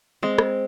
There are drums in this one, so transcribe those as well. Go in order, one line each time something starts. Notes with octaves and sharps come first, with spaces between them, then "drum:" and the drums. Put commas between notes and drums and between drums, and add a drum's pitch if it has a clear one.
G#3 C4
drum: rim click